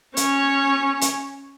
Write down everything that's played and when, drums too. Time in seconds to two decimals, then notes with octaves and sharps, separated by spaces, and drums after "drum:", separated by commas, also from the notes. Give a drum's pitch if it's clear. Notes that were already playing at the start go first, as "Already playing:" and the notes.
0.17 C#4 C#5, drum: hi-hat
1.01 drum: hi-hat